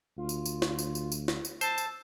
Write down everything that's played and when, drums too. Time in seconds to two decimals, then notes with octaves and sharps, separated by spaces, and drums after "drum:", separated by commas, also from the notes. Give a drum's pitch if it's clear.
0.18 D2 F4
0.29 drum: tambourine
0.46 drum: tambourine
0.62 drum: snare
0.79 drum: tambourine
0.95 drum: tambourine
1.12 drum: tambourine
1.28 drum: snare
1.45 drum: tambourine
1.61 C5 A5 E6, drum: tambourine
1.78 drum: tambourine